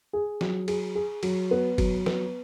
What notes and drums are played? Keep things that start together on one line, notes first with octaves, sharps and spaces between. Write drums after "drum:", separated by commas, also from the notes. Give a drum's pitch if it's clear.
G#4
F#3, drum: snare
G#4, drum: cymbal
G#4
F#3, drum: cymbal
B3
F#3, drum: kick, cymbal
B3, drum: snare